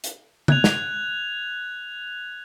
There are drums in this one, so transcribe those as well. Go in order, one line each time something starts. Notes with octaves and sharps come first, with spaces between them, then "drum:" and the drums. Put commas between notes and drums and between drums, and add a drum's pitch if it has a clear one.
drum: hi-hat
F#6 G#6 F7, drum: tom C#3
drum: snare